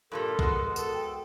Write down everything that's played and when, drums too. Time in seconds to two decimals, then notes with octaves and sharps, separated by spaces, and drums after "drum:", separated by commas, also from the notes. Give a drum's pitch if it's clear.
0.12 G2 A#2 G3 A4 A#4
0.39 G#3 B3 F#4, drum: kick
0.76 A4, drum: tambourine
0.93 G5